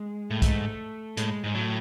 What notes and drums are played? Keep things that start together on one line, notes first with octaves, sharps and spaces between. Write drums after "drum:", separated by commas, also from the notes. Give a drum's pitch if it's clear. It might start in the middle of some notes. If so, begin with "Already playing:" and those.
Already playing: G#3
A2
G#2 A3, drum: kick, hi-hat
A2 G#3, drum: hi-hat
G#2 G#3
A2 F#3